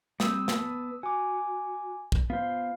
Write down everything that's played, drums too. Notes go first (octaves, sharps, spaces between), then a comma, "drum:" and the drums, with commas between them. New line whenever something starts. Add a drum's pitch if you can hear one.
G3 C4 D#6 E6, drum: snare
B3 B4 A5, drum: snare
F#4 G#5 D6
drum: kick
B3 F4 C5 F5